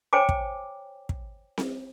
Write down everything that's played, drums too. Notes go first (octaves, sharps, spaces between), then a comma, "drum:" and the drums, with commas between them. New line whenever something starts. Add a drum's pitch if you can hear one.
C5 C#5 G5 G#5 A#5 D6
drum: kick
drum: kick
drum: snare C4